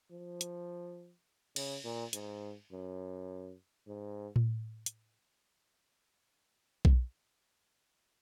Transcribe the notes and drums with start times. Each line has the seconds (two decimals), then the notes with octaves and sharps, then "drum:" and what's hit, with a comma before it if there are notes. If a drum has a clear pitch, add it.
0.11 F3
0.41 drum: hi-hat
1.56 C#3, drum: cymbal
1.84 A#2
2.13 G#2, drum: hi-hat
2.72 F#2
3.87 G#2
4.36 drum: tom A2
4.86 drum: hi-hat
6.85 drum: kick B1